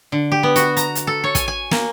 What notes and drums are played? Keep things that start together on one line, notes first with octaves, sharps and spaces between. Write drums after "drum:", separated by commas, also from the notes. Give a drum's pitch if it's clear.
D3
G4
B3
F#4, drum: hi-hat
A#5, drum: hi-hat
drum: hi-hat
A4
C#5
G#5, drum: kick, hi-hat
G#5
A#3, drum: snare